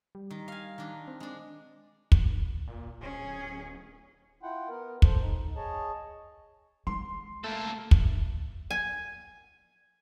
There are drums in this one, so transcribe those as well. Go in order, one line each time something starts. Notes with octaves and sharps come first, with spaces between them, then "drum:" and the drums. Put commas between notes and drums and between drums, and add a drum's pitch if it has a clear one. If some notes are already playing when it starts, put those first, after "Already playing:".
G3
D#3
F5 G#5
D#3 D4 A#5
C4
G#3 D4
drum: kick
A#2
D1 C#4 G#4
E4 F4 F#5 G5
B3 A#4
A4 C5, drum: kick
D#4
G#4 C#5 D#5 A5
G#3 C6
A3 A#3 A4
drum: kick
G#5